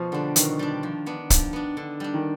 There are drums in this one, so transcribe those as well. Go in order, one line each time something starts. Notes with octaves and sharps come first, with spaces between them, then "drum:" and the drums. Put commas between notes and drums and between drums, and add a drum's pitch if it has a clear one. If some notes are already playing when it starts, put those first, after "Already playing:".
Already playing: B2 F3
D3 G3 D4
B2 D#3, drum: hi-hat
G3 D4
F3
B3 D4
F3, drum: kick, hi-hat
B3 D4
D3
G3 D4
D#3